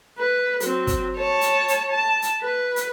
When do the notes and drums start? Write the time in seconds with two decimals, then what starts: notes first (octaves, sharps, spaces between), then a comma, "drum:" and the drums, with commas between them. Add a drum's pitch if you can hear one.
0.18 B4
0.60 F#3 C4, drum: hi-hat
0.87 drum: kick, hi-hat
1.17 C#5 A5
1.41 drum: hi-hat
1.68 drum: hi-hat
1.90 A5
2.22 drum: hi-hat
2.42 B4
2.76 drum: hi-hat